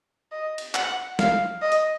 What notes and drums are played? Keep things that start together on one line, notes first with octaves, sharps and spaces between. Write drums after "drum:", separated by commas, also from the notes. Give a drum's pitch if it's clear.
D#5
drum: cymbal
F#5, drum: clap
F5, drum: snare
D#5
drum: hi-hat